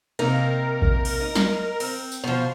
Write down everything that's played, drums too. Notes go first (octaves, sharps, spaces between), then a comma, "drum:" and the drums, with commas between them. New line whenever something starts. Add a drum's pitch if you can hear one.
C3 A#3 D#4 A#4, drum: cymbal
drum: kick A#1
drum: cymbal
D#5
drum: snare
C4, drum: cymbal
drum: tambourine
B2 F3 C5